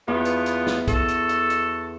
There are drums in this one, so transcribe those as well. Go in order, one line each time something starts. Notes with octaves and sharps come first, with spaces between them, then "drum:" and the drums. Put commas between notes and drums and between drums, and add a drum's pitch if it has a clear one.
E2 B2 B3 F4
drum: hi-hat
drum: hi-hat
drum: snare
F#4 A4, drum: kick, hi-hat
drum: hi-hat
drum: hi-hat
drum: hi-hat